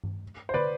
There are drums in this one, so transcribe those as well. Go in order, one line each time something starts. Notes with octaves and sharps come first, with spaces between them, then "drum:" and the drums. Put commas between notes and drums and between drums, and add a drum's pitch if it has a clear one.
drum: tom G2
C5
B4 D5, drum: tom D3